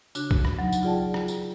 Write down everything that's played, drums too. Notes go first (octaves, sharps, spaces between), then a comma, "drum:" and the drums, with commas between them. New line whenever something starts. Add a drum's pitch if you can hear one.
C#3 D4 F#4 F#6, drum: tambourine
drum: kick B1
drum: rim click
F#3 D#4
drum: tambourine
F4 G#4 D5 G5 A5
drum: rim click
drum: tambourine